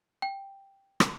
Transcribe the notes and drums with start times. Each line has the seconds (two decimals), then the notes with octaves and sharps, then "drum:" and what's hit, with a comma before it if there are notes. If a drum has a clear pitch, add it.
0.22 G5
1.00 drum: rim click